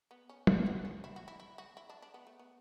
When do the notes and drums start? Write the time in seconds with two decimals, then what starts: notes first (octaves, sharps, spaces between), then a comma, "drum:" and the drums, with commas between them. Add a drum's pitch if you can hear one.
0.11 B3
0.29 C#4
0.47 B3, drum: tom
0.66 B3
0.85 C#4
1.04 E4
1.16 F#4
1.28 E4
1.40 E4
1.58 F#4
1.77 E4
1.90 D4
2.02 D4
2.14 B3
2.27 A3
2.39 B3